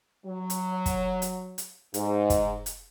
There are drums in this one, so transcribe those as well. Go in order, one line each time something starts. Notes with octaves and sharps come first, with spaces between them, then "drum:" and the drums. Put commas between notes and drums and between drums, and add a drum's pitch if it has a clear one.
F#3
drum: hi-hat
drum: kick, hi-hat
drum: hi-hat
drum: hi-hat
G#2, drum: hi-hat
drum: kick, hi-hat
drum: hi-hat